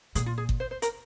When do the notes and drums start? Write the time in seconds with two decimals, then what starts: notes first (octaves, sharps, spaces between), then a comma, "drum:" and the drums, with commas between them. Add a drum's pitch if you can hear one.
0.15 A#2 G#4, drum: hi-hat
0.26 F4
0.38 G#4
0.49 drum: kick G1
0.60 C5
0.71 C5
0.82 A#4, drum: hi-hat